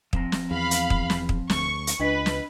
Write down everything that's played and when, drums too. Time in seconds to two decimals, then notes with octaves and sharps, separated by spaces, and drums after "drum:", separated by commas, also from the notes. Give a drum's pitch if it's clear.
0.13 F3 C4 A#5, drum: kick
0.32 drum: snare
0.51 E2 F5 B5
0.71 drum: hi-hat
0.90 drum: kick
1.10 drum: snare
1.29 drum: kick
1.50 D2 C#6, drum: snare
1.87 drum: hi-hat
2.00 C#2 D4 B4 D#5 B6
2.26 drum: snare